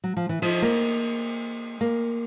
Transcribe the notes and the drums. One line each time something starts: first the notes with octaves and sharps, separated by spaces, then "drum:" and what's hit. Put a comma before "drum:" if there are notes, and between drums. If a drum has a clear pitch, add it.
F#3
F3
E3
F3, drum: cymbal
A#3
A#3